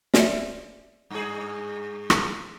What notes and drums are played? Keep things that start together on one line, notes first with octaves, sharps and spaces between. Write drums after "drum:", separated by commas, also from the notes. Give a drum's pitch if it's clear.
D5 E5, drum: snare
G2 G#4
drum: rim click